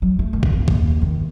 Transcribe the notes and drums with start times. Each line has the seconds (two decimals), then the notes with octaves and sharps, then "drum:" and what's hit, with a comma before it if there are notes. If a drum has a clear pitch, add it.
0.02 F#3
0.19 A3
0.33 D#3
0.43 drum: kick
0.53 B3
0.68 D#2, drum: kick
1.01 D#3